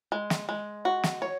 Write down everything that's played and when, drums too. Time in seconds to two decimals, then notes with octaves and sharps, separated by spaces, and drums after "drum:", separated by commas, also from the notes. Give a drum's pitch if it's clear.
0.12 G#3
0.30 drum: snare
0.49 G#3
0.85 F#4
1.03 drum: snare
1.22 C#5